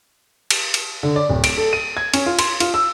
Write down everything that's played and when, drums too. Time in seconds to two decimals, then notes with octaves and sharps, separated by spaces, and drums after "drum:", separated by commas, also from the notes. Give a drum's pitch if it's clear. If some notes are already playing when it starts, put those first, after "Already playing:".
0.50 drum: cymbal
0.74 drum: cymbal
1.03 D3
1.16 D5
1.29 D1
1.44 D7, drum: cymbal
1.57 A4
1.73 D#7
1.97 G#6
2.14 C#4, drum: cymbal
2.26 F4
2.39 C6, drum: cymbal
2.60 F4, drum: cymbal
2.74 E6